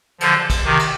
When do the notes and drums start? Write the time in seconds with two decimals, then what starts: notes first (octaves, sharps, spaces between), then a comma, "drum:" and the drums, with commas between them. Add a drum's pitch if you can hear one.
0.21 D3 F3, drum: cymbal
0.50 drum: kick, cymbal
0.64 C3 D#3
0.79 drum: cymbal